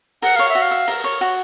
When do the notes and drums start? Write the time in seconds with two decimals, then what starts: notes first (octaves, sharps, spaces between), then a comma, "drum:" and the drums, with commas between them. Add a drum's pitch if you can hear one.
0.22 A#4 F#5, drum: open hi-hat
0.36 C#5 F5
0.49 E5
0.55 F#4
0.62 F5
0.71 E5
0.88 A#4, drum: open hi-hat
1.04 C#5
1.21 F#4